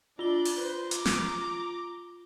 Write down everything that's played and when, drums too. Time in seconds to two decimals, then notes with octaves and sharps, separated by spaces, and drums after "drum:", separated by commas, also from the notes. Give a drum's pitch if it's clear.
0.19 D4 F4 D5 G7
0.45 drum: open hi-hat
0.59 B4 C5
0.91 A#5 D6, drum: hi-hat
1.05 drum: snare